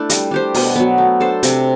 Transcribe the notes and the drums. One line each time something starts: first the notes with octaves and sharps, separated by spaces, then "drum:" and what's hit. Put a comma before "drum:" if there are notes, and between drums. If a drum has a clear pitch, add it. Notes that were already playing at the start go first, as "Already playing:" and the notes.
Already playing: A3 D4 E4
G3, drum: hi-hat
D4 G4 C5
B2, drum: open hi-hat
F#3 B3
A3
D4 A4 C5
C3, drum: hi-hat